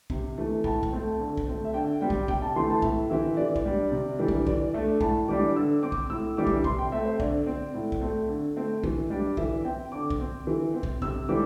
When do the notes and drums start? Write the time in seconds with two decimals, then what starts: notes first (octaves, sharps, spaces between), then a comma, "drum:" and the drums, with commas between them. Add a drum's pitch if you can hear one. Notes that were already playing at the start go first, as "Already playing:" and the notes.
0.10 C3, drum: kick
0.38 E3 A3
0.64 A2 A5, drum: kick
0.83 drum: kick
0.92 A3 C4
1.19 D3
1.37 drum: kick
1.47 A3 C4
1.65 E5
1.74 D3 G5
2.01 G3 C4 G5
2.10 drum: kick
2.28 C3 G5, drum: kick
2.42 A5
2.56 E3 A3 C4 C6
2.70 A5
2.82 A2 E5, drum: kick
3.10 E3 C4 E5
3.37 E3 D5
3.56 drum: kick
3.65 G3 D4
3.92 C3
4.19 E3 G3 D4
4.28 drum: kick
4.47 E3 D5, drum: kick
4.74 A3 D4 E5
5.01 A2 A5, drum: kick
5.28 E3 G3 D4 D6
5.56 D3 E6
5.82 C4 D6
5.92 drum: kick
6.10 A2 E6
6.37 E3 G3 D4 D6
6.47 drum: kick
6.64 C3 C6, drum: kick
6.79 G5
6.92 A3 C4 E5
7.05 C5
7.20 D3 D5, drum: kick
7.46 C4
7.74 A2
7.92 drum: kick
8.02 A3 C4
8.28 D3
8.56 A3 C4
8.84 E3, drum: kick
9.10 G3 D4
9.37 E3 E5, drum: kick
9.65 C4 G5
9.92 D3 D6
10.10 drum: kick
10.20 C4
10.47 E3
10.74 C4
10.83 drum: kick
11.02 C3 E6, drum: kick
11.29 E3 G3 C4 D6